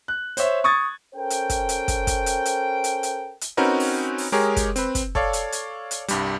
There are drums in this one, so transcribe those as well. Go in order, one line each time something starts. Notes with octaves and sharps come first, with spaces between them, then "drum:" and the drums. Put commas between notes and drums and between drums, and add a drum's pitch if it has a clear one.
F#6
C5 C#5 E5, drum: hi-hat
C#6 D#6 G#6 A6
C#4 A4 A#4 C5 G5
drum: hi-hat
drum: kick, hi-hat
drum: hi-hat
drum: kick, hi-hat
drum: kick, hi-hat
drum: hi-hat
drum: hi-hat
drum: hi-hat
drum: hi-hat
drum: hi-hat
C4 C#4 D#4 F#4 A#4 B4
drum: open hi-hat
drum: open hi-hat
G#3 G4 G#4 A#4 C#5
drum: kick, hi-hat
C4 B4, drum: hi-hat
drum: kick, hi-hat
A4 C#5 D5 F5, drum: kick
drum: hi-hat
drum: hi-hat
drum: hi-hat
C2 G2 G3, drum: hi-hat